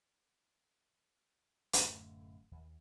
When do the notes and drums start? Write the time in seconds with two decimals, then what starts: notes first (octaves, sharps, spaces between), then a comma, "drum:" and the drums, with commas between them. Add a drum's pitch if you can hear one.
1.73 D1 F#2 A3, drum: hi-hat
2.51 D#2